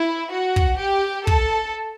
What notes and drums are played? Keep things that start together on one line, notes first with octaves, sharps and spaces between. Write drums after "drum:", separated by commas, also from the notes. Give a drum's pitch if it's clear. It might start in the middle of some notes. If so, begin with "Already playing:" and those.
Already playing: E4
F#4
drum: kick
G4
A4, drum: kick